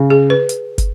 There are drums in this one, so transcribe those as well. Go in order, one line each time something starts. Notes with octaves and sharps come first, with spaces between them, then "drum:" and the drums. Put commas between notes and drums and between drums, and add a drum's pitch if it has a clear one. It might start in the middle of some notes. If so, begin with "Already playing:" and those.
Already playing: C#3
G#4
B4
drum: hi-hat
drum: kick, hi-hat